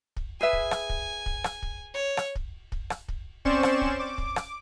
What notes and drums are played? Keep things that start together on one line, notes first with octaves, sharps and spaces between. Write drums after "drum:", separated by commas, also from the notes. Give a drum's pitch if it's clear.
drum: kick
G#4 B4 E5 G#5
drum: kick
drum: rim click
drum: kick
drum: kick
drum: rim click
drum: kick
C#5
drum: rim click
drum: kick
drum: kick
drum: rim click
drum: kick
C4 C#4 C5 D5 C#6 E7, drum: kick
drum: rim click
drum: kick
D6
drum: kick
drum: rim click